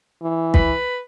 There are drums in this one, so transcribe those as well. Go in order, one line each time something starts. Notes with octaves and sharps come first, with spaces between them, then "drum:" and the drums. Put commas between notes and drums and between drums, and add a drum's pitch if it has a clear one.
E3
B4, drum: kick